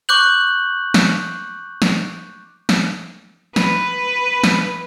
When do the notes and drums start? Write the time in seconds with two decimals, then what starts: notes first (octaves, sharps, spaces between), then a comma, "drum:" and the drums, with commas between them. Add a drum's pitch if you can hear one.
0.09 C#6 D6 F#6 G6 F#7
0.94 drum: snare
1.82 drum: snare
2.69 drum: snare
3.56 B4, drum: snare
4.44 drum: snare